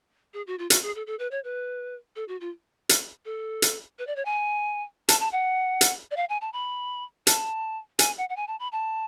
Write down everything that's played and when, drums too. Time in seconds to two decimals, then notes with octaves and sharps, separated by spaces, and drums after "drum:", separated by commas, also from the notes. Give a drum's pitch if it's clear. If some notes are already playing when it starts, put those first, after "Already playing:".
0.34 G#4
0.47 F#4
0.59 F4
0.70 F#4, drum: hi-hat
0.83 G#4
0.96 A4
1.07 A4
1.19 B4
1.31 C#5
1.44 B4
2.16 A4
2.28 F#4
2.41 F4
2.89 drum: hi-hat
3.25 A4
3.62 drum: hi-hat
3.99 B4
4.07 D5
4.16 C#5
4.25 G#5
5.09 A5, drum: hi-hat
5.20 A5
5.32 F#5
5.81 drum: hi-hat
6.11 D5
6.17 F5
6.29 G#5
6.41 A5
6.53 B5
7.27 A5, drum: hi-hat
7.99 G#5, drum: hi-hat
8.18 F#5
8.29 F#5
8.36 G#5
8.48 A5
8.60 B5
8.72 A5